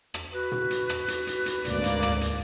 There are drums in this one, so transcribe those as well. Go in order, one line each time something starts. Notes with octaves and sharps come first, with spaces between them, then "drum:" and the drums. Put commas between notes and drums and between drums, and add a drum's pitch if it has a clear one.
drum: rim click
F#4 B4
drum: tom
drum: hi-hat
drum: rim click
drum: hi-hat
drum: hi-hat
drum: hi-hat
G#1 D2 A#3 D5, drum: hi-hat
drum: hi-hat
drum: rim click
drum: hi-hat